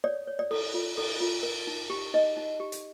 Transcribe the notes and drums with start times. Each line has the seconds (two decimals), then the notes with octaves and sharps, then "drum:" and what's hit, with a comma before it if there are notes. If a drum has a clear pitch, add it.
0.04 C#5 D5
0.27 C#5
0.39 D5
0.51 A4, drum: cymbal
0.74 F4
0.97 A4, drum: cymbal
1.20 F4
1.43 A#4
1.67 D#4
1.90 G4
2.14 D#4 D#5
2.37 D#4
2.60 G4
2.72 drum: hi-hat